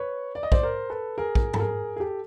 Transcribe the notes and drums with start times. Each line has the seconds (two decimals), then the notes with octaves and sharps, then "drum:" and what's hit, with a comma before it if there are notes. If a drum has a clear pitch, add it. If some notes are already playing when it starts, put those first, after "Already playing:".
Already playing: B4 C#5
0.35 D5
0.43 D#5
0.52 C5 D5, drum: kick
0.63 A#4 C5
0.90 A4 B4
1.18 G#4 A#4
1.35 drum: kick
1.54 A4, drum: tom G2
1.59 G#4 A#4
1.96 G#4
2.00 G4 A4